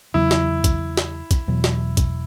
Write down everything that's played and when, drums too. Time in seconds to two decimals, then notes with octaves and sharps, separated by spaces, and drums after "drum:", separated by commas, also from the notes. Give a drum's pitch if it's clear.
0.14 E2 C#3 F#3 E4
0.31 drum: snare
0.64 drum: kick, hi-hat
0.97 drum: snare
1.31 drum: kick, hi-hat
1.47 E1 E2 B2 F#3
1.64 drum: snare
1.97 drum: kick, hi-hat